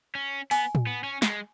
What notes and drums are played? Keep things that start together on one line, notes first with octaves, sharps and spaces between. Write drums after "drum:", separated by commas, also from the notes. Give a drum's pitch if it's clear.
C#4
B3 G#5, drum: open hi-hat
drum: tom A2
B3
C#4
G#3, drum: snare